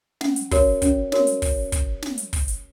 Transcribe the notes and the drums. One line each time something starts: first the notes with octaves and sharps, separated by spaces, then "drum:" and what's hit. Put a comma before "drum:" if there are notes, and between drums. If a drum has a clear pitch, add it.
C#4 F#5, drum: snare
drum: hi-hat
F#4 A#4 C#5, drum: kick, open hi-hat
C#4, drum: kick, hi-hat
F#4 A#4 C#5, drum: snare
drum: hi-hat
drum: kick, open hi-hat
drum: kick, hi-hat
drum: snare
drum: hi-hat
drum: kick, open hi-hat
drum: hi-hat